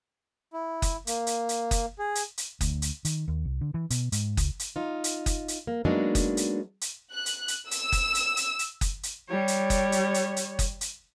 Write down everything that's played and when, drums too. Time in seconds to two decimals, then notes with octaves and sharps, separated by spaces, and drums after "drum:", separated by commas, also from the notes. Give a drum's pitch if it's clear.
0.53 E4
0.82 drum: kick F#1, hi-hat
1.07 A#3, drum: hi-hat
1.27 drum: hi-hat
1.49 drum: hi-hat
1.71 drum: kick F#1, hi-hat
1.99 G#4
2.15 drum: hi-hat
2.38 drum: hi-hat
2.61 D2, drum: kick F#1, hi-hat
2.82 drum: hi-hat
3.05 D#3, drum: hi-hat
3.28 D#2
3.45 C2
3.61 D3
3.74 E3
3.90 B2, drum: hi-hat
4.12 G#2, drum: hi-hat
4.37 C#2, drum: kick F#1, hi-hat
4.60 drum: hi-hat
4.76 D#4 F4
5.04 drum: hi-hat
5.26 drum: kick F#1, hi-hat
5.48 drum: hi-hat
5.67 A#3
5.85 F#3 G#3 A#3 B3 D4 D#4
6.15 drum: kick F#1, hi-hat
6.37 drum: hi-hat
6.81 drum: hi-hat
7.12 F#6
7.26 drum: hi-hat
7.48 drum: hi-hat
7.71 E6, drum: hi-hat
7.92 drum: kick F#1, hi-hat
8.15 drum: hi-hat
8.37 drum: hi-hat
8.59 drum: hi-hat
8.81 drum: kick F#1, hi-hat
9.03 drum: hi-hat
9.29 G3 C#5
9.48 drum: hi-hat
9.70 drum: kick F#1, hi-hat
9.92 drum: hi-hat
10.14 drum: hi-hat
10.37 drum: hi-hat
10.59 drum: kick F#1, hi-hat
10.81 drum: hi-hat